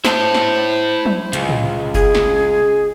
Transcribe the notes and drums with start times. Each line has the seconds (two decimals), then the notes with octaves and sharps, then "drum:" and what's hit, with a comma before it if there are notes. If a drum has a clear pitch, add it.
0.05 E4 C5 A5, drum: snare
0.34 drum: snare
1.05 drum: tom
1.33 C#2, drum: hi-hat
1.49 drum: tom
1.94 G#4, drum: kick F#1
2.15 drum: snare